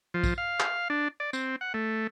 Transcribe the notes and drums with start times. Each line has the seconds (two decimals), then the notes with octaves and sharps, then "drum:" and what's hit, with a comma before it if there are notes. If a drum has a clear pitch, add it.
0.14 F3
0.24 drum: kick, tambourine
0.38 F5
0.60 drum: clap
0.90 D4
1.20 D5
1.33 C4, drum: tambourine
1.61 F#5
1.74 A3